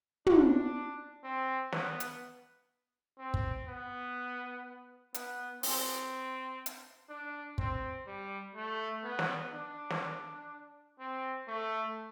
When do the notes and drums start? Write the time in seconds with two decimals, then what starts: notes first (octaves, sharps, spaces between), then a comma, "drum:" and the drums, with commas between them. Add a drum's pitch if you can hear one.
0.26 D4, drum: tom
1.24 C4
1.72 B3, drum: snare
2.00 drum: hi-hat
3.19 C4
3.34 drum: kick
3.68 B3
5.14 B3, drum: hi-hat
5.63 C4, drum: open hi-hat
6.66 drum: hi-hat
7.09 D4
7.58 C4, drum: kick
8.07 G3
8.55 A3
9.03 B3
9.19 drum: snare
9.53 D4
9.90 drum: snare
10.99 C4
11.48 A3